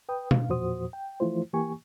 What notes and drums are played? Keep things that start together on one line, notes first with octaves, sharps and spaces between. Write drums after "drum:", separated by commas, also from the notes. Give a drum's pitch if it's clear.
B4 G5 D#6
F5, drum: tom B2
E2 A#2 F3 F#4 C5 D#6
G5
E3 F3 A3 E4 F4 C5
E3 A#3 G4 G#5 C#6